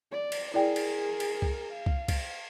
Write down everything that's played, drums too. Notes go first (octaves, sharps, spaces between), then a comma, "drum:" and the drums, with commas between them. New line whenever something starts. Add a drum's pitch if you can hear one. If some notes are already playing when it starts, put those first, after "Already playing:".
D5
drum: cymbal
E4 G#4 A#4 D5 G5
drum: cymbal
drum: cymbal
drum: kick
F5
drum: kick
drum: kick, cymbal